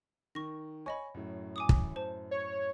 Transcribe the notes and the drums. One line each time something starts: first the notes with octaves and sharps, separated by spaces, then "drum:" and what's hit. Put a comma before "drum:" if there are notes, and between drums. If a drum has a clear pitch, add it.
D#3 C#6 A#6
C#5 D#5 G#5 B5 C#6
F#2 A2
G#5 D6 D#6
drum: kick
C5 A5
C#5